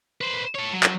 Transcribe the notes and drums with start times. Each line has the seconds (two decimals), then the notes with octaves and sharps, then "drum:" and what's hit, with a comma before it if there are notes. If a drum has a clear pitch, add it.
0.21 B4 C5
0.55 A4 C#5
0.72 F#3
0.83 drum: clap